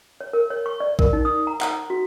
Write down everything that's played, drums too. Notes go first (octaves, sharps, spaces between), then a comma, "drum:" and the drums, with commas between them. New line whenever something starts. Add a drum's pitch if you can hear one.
C#5
A#4
C#5
C#6
D5
A#4, drum: kick A#1
D#4
D#6
A#5
F#5, drum: clap
F#4